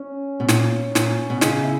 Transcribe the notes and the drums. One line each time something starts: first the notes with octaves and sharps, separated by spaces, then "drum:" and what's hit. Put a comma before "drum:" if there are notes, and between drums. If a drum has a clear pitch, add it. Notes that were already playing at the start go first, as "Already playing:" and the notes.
Already playing: C#4
B2
A#2, drum: snare
A#2, drum: snare
B2
C#3 D#4, drum: snare
E4